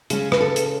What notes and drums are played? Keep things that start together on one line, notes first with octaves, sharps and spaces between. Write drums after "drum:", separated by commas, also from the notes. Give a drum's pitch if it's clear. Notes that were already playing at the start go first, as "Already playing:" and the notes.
C#3 G#3 C#4 G#4, drum: hi-hat
B4, drum: rim click
A4
drum: hi-hat